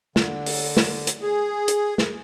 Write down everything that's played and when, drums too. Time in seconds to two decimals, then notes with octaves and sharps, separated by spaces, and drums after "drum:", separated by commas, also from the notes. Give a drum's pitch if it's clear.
0.16 D3, drum: snare
0.46 drum: open hi-hat
0.77 drum: snare
1.07 drum: hi-hat
1.22 G#4
1.68 drum: hi-hat
1.98 drum: snare